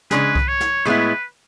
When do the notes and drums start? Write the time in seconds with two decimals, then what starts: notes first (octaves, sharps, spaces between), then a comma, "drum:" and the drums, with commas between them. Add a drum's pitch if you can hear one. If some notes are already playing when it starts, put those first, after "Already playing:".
0.11 C#3 G#3 D4 G#4 B4, drum: snare
0.35 drum: kick C2
0.48 C#5
0.60 drum: snare
0.85 A2 G#3 B3 E4 B4